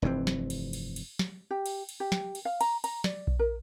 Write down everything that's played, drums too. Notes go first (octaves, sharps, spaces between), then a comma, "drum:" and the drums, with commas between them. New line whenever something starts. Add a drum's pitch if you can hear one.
F1 G2 E3 C4
drum: snare
drum: cymbal
drum: cymbal
drum: cymbal
drum: snare
G4
drum: cymbal
drum: cymbal
G4
drum: snare
drum: cymbal
F5
A#5, drum: cymbal
A#5, drum: cymbal
D5, drum: snare
drum: kick A#1
A#4